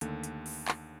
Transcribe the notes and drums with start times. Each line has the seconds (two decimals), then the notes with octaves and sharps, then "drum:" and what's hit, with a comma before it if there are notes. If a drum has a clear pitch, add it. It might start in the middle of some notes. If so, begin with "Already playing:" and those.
0.01 D#2 D3 A3, drum: hi-hat
0.24 drum: hi-hat
0.46 drum: open hi-hat
0.68 drum: clap